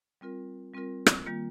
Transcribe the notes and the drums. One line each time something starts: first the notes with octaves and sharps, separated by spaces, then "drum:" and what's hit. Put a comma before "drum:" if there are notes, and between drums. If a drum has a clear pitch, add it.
G3 C4 F4 A#4
G3 C4 F4 A#4
drum: rim click
D#3 G3 A#3 F4